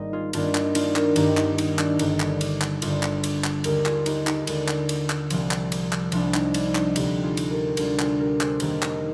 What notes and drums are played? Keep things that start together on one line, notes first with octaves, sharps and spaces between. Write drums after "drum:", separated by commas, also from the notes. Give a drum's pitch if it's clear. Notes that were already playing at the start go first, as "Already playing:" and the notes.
Already playing: G#1 G#2 G3 A#3 D#4 C5
F4 G#4
G2 D#3 A#3 D4 F4, drum: cymbal
D#4, drum: clap
D4 F4, drum: cymbal
G4 A#4, drum: clap
G2 D#3 A#3 D#4 G4, drum: cymbal
D#4 G4, drum: clap
D#4, drum: cymbal
D4, drum: clap
G1 G2 D3 D#4, drum: cymbal
drum: clap
drum: cymbal
drum: clap
G1 G2 D3 D4 F4, drum: cymbal
drum: clap
drum: cymbal
drum: clap
D#2 D3 G#3 G4 A#4, drum: cymbal
F4 G#4, drum: clap
D#4 G4, drum: cymbal
D#4, drum: clap
D#2 D3 G#3, drum: cymbal
drum: clap
drum: cymbal
drum: clap
C2 C3 F3, drum: cymbal
drum: clap
drum: cymbal
drum: clap
C2 C3 F3 D4, drum: cymbal
D#4, drum: clap
D4, drum: cymbal
D#4, drum: clap
D2 C3 G3 D#4 G4, drum: cymbal
F4 G#4
drum: cymbal
G4 A#4
D2 C3 G3 D4 F4, drum: cymbal
F4 G#4, drum: clap
G4 A#4
G#4 C5, drum: clap
F2 D#3 A#3 G4 A#4, drum: cymbal
D#4, drum: clap